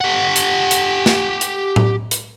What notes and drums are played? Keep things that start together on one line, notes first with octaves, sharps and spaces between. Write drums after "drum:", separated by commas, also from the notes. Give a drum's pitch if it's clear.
G4 F#5
drum: hi-hat
drum: hi-hat
drum: snare
drum: hi-hat
drum: tom A2
drum: hi-hat